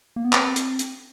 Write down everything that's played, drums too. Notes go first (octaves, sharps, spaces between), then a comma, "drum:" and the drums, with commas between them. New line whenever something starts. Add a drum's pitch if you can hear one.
A#3
B3
C4, drum: clap
drum: hi-hat
drum: hi-hat